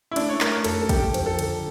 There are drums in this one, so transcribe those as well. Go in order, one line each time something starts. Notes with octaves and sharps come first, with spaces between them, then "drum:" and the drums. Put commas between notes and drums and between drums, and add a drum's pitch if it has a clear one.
E4
A3 D4, drum: cymbal
C#5
A3 A#4, drum: clap
F2 A4, drum: cymbal
A4
F2 G4, drum: kick, cymbal
F3, drum: cymbal
A4
D3, drum: cymbal